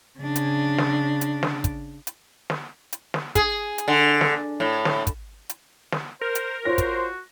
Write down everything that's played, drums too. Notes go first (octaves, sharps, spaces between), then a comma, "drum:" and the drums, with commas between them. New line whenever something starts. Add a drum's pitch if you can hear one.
C#3 D4
drum: hi-hat
drum: snare
drum: hi-hat
drum: snare
drum: kick, hi-hat
drum: hi-hat
drum: snare
drum: hi-hat
drum: snare
G#4, drum: kick, hi-hat
drum: hi-hat
D3
drum: snare
A2
drum: snare
drum: kick, hi-hat
drum: hi-hat
drum: snare
A#4 C5
drum: hi-hat
F4 F#4 C5 C#5 A#6
drum: kick, hi-hat